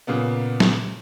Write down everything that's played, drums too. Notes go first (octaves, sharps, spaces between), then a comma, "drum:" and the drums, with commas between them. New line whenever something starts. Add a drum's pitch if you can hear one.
A#2 C#3 A#3 B3
drum: snare